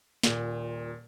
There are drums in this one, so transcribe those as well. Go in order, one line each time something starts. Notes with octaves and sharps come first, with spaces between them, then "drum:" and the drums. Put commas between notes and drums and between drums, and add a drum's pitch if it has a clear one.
D#1 A#2, drum: snare